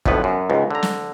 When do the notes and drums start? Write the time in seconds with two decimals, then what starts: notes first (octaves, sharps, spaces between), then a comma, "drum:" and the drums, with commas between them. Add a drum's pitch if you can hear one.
0.05 B1 F2 A2 B3 B4, drum: kick
0.24 F#2
0.50 C#2 G#2
0.71 D3 A#5
0.83 drum: snare